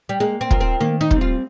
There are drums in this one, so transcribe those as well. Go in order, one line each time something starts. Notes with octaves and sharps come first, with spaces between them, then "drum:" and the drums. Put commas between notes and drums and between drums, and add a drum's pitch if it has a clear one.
G3
G#3 A#3
C4
F4 A#4, drum: kick
C4
D#3 A#3
D#4
G3, drum: kick
C4
F4